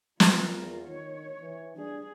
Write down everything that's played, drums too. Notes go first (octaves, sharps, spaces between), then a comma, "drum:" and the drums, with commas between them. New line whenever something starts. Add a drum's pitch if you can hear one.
F4 A#4, drum: snare
E2
D#3 C#5
E3
G3 D4 G#4